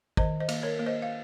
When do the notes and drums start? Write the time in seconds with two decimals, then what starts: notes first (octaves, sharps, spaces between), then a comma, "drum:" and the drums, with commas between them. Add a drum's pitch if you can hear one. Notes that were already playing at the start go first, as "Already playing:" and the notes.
0.17 D#3 C5 D#5, drum: kick
0.40 C5 D#5
0.48 A#3, drum: cymbal
0.63 A#4 C#5
0.79 A#3
0.86 C5 D#5
1.02 F5